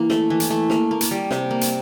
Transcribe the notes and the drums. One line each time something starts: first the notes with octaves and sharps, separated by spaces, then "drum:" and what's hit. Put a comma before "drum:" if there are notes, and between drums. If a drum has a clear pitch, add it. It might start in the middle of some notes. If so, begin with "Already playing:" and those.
Already playing: E3 A#3
A3, drum: snare
E3
drum: hi-hat
A3
A#3, drum: snare
A#3
drum: hi-hat
G3
C3, drum: snare
A#3
drum: hi-hat